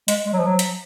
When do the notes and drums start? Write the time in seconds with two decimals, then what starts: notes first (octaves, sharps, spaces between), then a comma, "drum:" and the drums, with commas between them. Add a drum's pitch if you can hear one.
0.08 G#3, drum: hi-hat
0.26 G#3
0.33 F#3
0.39 F3
0.47 F#3
0.59 drum: hi-hat